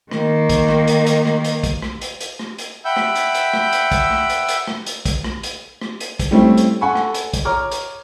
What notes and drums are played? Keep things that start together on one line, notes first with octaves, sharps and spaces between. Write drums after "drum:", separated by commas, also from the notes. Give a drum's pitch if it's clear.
D#3 A#3, drum: rim click
drum: kick, hi-hat
drum: rim click
drum: hi-hat
drum: hi-hat
drum: rim click
drum: hi-hat
drum: kick, hi-hat
drum: rim click
drum: hi-hat
drum: hi-hat
drum: rim click
drum: hi-hat
E5 F#5 G5 B5 E6 G6
drum: rim click
drum: hi-hat
drum: hi-hat
drum: rim click
drum: hi-hat
drum: kick, hi-hat
drum: rim click
drum: hi-hat
drum: hi-hat
drum: rim click
drum: hi-hat
drum: kick, hi-hat
drum: rim click
drum: hi-hat
drum: rim click
drum: hi-hat
drum: kick, hi-hat
G3 A3 C4 C#4 E4 C#5
drum: hi-hat
A4 F#5 G#5 B5 C#6
drum: rim click
drum: hi-hat
drum: kick, hi-hat
C#5 A#5 D6 F6
drum: hi-hat